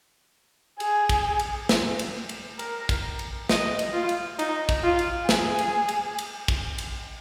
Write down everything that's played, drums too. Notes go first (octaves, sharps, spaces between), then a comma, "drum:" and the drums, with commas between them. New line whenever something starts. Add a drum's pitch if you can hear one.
G#4, drum: cymbal
drum: kick, cymbal
drum: cymbal
drum: snare
drum: cymbal
drum: cymbal
A#4, drum: cymbal
drum: kick, cymbal
drum: cymbal
D#5, drum: snare
drum: cymbal
F4
drum: cymbal
D#4, drum: cymbal
drum: kick, cymbal
F4
drum: cymbal
G#4, drum: snare
drum: cymbal
drum: cymbal
drum: cymbal
drum: kick, cymbal
drum: cymbal